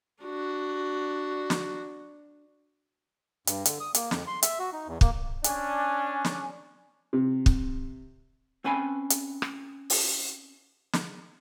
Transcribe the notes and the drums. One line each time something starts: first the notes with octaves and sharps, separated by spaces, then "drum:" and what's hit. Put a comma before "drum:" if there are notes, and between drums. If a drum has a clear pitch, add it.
D4 F#4
drum: snare
G2, drum: hi-hat
D3, drum: hi-hat
D#6
A#3, drum: hi-hat
F2, drum: snare
C6
E5, drum: hi-hat
F#4
D#4
E2
A#3, drum: kick
C#4 D4 G#5, drum: hi-hat
drum: snare
C3
drum: kick
C4 C#4 B4 G#5 A5 B5
drum: hi-hat
drum: rim click
drum: open hi-hat
drum: snare